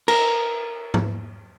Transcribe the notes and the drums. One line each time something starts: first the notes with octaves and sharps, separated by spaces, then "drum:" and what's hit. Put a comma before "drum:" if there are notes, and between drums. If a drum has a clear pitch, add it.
A#4, drum: cymbal
drum: tom G#2